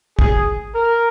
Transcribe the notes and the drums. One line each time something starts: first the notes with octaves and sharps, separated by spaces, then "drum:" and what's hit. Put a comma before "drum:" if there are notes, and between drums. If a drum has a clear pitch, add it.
G#4, drum: kick
A#4